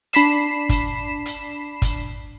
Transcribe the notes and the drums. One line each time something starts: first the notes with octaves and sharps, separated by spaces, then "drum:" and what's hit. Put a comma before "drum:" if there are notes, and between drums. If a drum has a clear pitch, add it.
D4 B5 B6 C7 E7, drum: hi-hat
drum: kick G1, hi-hat
drum: hi-hat
drum: kick G1, hi-hat